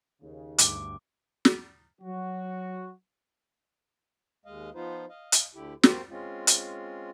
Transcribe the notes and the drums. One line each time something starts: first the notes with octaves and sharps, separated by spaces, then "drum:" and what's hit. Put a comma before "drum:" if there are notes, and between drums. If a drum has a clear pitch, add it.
D#2 C#3
D2 G2 D6, drum: hi-hat
drum: snare
F#3 F#4
D#2 G#3 D#5 F5
F3 B3 D#4 F4 B4 C5
D#5 F5
drum: hi-hat
D2 D3 E4 G4
A#3 C4 F#4 G4 C5, drum: snare
G#3 C4 C#4 F4
drum: hi-hat